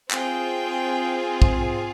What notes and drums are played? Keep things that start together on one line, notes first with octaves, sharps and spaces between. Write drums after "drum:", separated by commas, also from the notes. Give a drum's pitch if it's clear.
C4 F4 G#4 G5, drum: clap
drum: kick